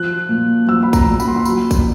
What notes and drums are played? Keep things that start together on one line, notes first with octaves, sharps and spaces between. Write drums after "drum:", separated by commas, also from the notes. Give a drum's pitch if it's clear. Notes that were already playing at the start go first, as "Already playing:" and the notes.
Already playing: F3 F#6
A#2
F3 E6
B5
A#5, drum: kick A#1, tambourine
A#2
B5, drum: tambourine
C6
B5
F#3, drum: tambourine
drum: kick A#1, tambourine